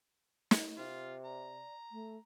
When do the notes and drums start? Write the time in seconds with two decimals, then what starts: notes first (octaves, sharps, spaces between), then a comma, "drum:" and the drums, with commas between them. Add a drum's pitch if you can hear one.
0.51 drum: snare
0.78 C3 F4
1.25 D5 A#5
1.92 A3